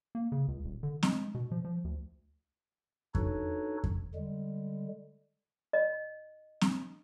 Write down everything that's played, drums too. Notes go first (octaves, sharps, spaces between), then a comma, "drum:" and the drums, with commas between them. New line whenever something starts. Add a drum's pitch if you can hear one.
A#3
C#3
C#2
D#1
D3
G#3, drum: snare
B2
F3
F3
D2
D4 D#4 F#4 A4 B4 C#5, drum: kick F2
drum: kick F2
D3 G3 G#3
D#5
drum: snare